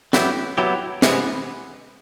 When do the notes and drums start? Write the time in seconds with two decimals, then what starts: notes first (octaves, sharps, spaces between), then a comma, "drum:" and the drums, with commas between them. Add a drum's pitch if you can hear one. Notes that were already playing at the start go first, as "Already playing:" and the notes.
0.13 F#3 B3 E4 G4, drum: snare
0.58 F#3 B3 E4 G4
1.02 C3 E3 G#3 B3, drum: snare